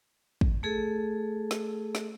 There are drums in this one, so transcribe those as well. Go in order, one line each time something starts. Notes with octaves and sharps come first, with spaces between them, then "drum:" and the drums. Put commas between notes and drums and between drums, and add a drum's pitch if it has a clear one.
drum: kick
A3 G#4 A4
drum: snare
drum: snare